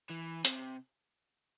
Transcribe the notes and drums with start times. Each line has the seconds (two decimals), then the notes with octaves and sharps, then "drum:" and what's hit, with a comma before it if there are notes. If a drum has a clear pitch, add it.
0.10 E3
0.45 C3, drum: hi-hat